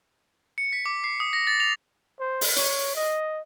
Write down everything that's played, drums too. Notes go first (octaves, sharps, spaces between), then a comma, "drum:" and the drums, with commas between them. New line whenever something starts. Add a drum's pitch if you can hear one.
C#7
B6
D6
C7
D#6
A#6
A6
F7
C5
drum: open hi-hat
C#5, drum: hi-hat
D#5